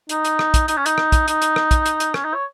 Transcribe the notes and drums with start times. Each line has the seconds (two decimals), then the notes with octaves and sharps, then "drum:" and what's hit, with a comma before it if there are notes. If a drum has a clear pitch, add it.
0.09 D#4, drum: hi-hat
0.25 drum: hi-hat
0.39 drum: rim click
0.54 drum: kick, hi-hat
0.68 D#4, drum: hi-hat
0.77 C#4
0.86 D#4, drum: hi-hat
0.98 drum: rim click
1.12 drum: kick, hi-hat
1.28 D#4, drum: hi-hat
1.42 drum: hi-hat
1.56 drum: rim click
1.71 drum: kick, hi-hat
1.86 drum: hi-hat
2.00 drum: hi-hat
2.14 C#4, drum: rim click
2.24 D#4
2.34 C#5